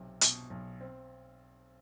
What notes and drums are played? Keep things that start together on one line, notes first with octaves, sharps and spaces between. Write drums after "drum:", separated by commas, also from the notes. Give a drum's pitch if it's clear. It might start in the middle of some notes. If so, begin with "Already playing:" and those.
Already playing: B1 C3
B2, drum: hi-hat
B1
C4